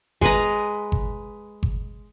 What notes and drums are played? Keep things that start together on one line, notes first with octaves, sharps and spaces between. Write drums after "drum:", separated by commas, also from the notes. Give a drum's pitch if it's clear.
G#3 B4 A#5, drum: kick G1
drum: kick G1
drum: kick G1